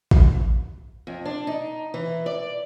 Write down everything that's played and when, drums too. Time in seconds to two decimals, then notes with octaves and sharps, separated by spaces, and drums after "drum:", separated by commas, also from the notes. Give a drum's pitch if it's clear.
0.11 drum: kick
1.07 F2
1.25 D4
1.47 D#4
1.94 E3
2.26 D5